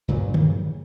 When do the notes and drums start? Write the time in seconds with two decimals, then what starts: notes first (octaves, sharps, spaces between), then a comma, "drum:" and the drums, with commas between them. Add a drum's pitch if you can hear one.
0.08 G2 A#2 C#3 F#3
0.34 drum: tom D3